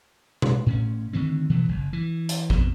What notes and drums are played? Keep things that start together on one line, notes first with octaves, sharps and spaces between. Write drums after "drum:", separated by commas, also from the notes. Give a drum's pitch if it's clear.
drum: tom B2
A2 C#4
D3 D#3 A3 C4
B2 E3 F#3 A3
F#1
E3
drum: hi-hat
F2 B2, drum: kick A1